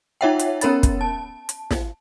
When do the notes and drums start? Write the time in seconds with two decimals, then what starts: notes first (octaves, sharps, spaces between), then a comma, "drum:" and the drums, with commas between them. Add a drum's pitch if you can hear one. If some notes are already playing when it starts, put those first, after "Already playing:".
0.21 D#4 F4 C#5 E5 F#5 G5
0.39 drum: hi-hat
0.61 B3 C#4 A#4 C#5 B5 A6, drum: hi-hat
0.83 drum: kick, hi-hat
1.01 A5
1.49 drum: hi-hat
1.71 drum: snare